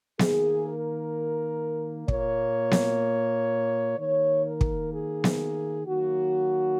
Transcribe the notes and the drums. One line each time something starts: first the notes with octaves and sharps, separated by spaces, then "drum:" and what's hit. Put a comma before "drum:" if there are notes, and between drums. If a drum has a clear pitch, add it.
D#3 A#3 G#4, drum: snare B3
A#4
A#2 A#3 C#5, drum: kick
drum: snare B3
D#3 A#3 C#5
A#4
drum: kick
G#4
drum: snare B3
D#3 F#3 A#3 F#4